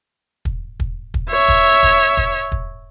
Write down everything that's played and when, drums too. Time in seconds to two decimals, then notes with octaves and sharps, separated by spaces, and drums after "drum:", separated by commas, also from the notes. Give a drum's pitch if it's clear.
0.45 drum: kick
0.80 drum: kick
1.14 drum: kick
1.31 C#5 E5
1.48 drum: kick
1.83 drum: kick
2.17 drum: kick
2.52 drum: kick